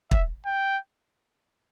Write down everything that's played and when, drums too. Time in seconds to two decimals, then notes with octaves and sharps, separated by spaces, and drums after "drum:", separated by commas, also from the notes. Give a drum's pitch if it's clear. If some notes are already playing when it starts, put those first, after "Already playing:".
0.11 E5, drum: kick
0.46 G5